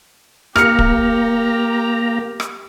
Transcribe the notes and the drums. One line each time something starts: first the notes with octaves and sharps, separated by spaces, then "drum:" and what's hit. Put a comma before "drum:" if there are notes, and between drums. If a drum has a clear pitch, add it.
A#3 G4 A#5 F6 C#7, drum: rim click
drum: kick
drum: rim click